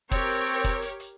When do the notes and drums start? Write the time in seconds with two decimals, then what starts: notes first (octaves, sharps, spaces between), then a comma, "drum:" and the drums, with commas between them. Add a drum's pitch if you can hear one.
0.11 C4 G4 A#4 C#5, drum: kick, hi-hat
0.29 drum: hi-hat
0.47 drum: hi-hat
0.64 drum: kick, hi-hat
0.82 drum: hi-hat
1.00 drum: hi-hat